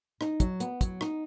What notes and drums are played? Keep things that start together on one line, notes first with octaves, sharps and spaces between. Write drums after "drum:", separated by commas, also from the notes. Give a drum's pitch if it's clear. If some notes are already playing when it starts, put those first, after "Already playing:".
D#4, drum: rim click
F#3, drum: kick, hi-hat
B3, drum: hi-hat
F#3, drum: kick, hi-hat
D#4, drum: rim click